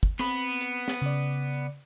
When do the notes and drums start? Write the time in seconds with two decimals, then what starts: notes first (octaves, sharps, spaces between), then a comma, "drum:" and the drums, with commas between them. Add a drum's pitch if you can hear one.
0.03 drum: kick
0.19 B3 C4 B5, drum: rim click
0.61 drum: hi-hat
0.88 drum: snare
1.02 C#3 D5